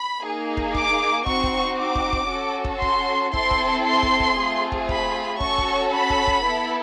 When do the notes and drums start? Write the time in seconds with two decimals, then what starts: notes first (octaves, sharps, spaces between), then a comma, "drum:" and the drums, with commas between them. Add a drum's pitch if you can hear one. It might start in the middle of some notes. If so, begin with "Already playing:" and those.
Already playing: B5
0.23 A#3 D#4 G#4
0.57 drum: kick
0.75 D6, drum: kick
1.26 C4 D#4 F#4 C#6, drum: kick
1.44 drum: kick
1.78 D6
1.95 drum: kick
2.13 drum: kick
2.29 C#4 F#4 A4
2.65 drum: kick
2.82 C6, drum: kick
3.33 C4 E4 A4 C6, drum: kick
3.51 drum: kick
3.86 C6
4.03 drum: kick
4.20 drum: kick
4.38 A3 C4 F4 G#4
4.72 drum: kick
4.89 B5, drum: kick
5.40 C#4 F#4 A4 C#6, drum: kick
5.58 drum: kick
5.93 B5
6.10 drum: kick
6.27 drum: kick
6.45 B3 E4 A4